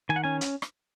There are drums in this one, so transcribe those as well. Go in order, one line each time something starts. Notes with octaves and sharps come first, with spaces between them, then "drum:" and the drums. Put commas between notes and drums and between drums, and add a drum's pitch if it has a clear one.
D#3 G#5
F#5
C#4 G#5
drum: hi-hat
drum: rim click